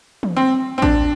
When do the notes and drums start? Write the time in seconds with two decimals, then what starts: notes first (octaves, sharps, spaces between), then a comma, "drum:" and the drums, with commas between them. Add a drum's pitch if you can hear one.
0.23 drum: tom
0.36 C4
0.78 C4
0.82 D4, drum: kick A1